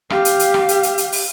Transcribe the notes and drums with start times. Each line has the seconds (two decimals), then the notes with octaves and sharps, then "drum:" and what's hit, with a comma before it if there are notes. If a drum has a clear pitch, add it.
0.10 G4 F5, drum: rim click
0.25 drum: hi-hat
0.39 drum: hi-hat
0.54 drum: rim click
0.69 drum: hi-hat
0.83 drum: hi-hat
0.98 drum: hi-hat
1.12 drum: open hi-hat